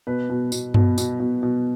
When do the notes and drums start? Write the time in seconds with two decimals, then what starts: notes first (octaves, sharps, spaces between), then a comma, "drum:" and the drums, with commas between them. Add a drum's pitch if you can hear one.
0.07 B2 B4
0.29 B2
0.52 B2, drum: tambourine
0.74 B2, drum: tom G2
0.98 B2, drum: tambourine
1.20 B2
1.43 B2